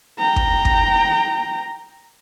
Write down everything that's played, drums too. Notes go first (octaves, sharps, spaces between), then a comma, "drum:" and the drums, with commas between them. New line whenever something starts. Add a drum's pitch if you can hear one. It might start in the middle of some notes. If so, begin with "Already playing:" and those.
G5 A#5
drum: kick
drum: kick